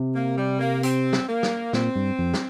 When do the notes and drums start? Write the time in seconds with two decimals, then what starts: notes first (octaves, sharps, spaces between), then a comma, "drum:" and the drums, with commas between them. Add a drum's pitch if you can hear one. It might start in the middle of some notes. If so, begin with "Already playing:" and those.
Already playing: C3
0.15 A#3
0.37 G3
0.59 A#3
0.83 C4, drum: hi-hat
1.13 drum: snare
1.28 A#3
1.43 drum: snare
1.73 A#2 C4, drum: snare
1.96 G2
2.19 F2
2.34 drum: snare